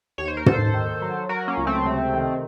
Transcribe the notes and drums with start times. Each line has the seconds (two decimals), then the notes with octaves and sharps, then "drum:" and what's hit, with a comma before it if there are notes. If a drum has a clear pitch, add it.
0.18 D#2 C#5
0.28 C5
0.37 A#4
0.46 D#2 A4 C5, drum: tom
0.74 D#3
1.02 F#3
1.29 F#3 F#4 A#4
1.48 A#3 C#4
1.57 C#2
1.67 A3 C4
1.85 C3
2.13 D#3